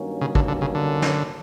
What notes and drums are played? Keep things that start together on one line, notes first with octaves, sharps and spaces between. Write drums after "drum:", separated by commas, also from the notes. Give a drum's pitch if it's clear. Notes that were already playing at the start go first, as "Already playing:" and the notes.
Already playing: G2 D#3 F#3 A#3 C#4
C#3
D3, drum: kick
D3
C#3
D3
drum: snare